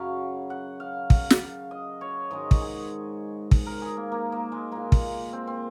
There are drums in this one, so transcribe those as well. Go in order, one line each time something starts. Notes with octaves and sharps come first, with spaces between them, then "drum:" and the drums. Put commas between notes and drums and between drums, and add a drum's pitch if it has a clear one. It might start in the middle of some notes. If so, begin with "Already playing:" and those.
Already playing: F#2 C#3 F#3 F5
F#5
F5
F5, drum: kick
drum: snare
D#5
C#5
G#2 D#3 G#3 D#5
drum: kick
G#4
drum: kick
A#4
G#4
A#3
A#3
A#3
G#3
A#2 G#3 A#3
drum: kick
C4
C4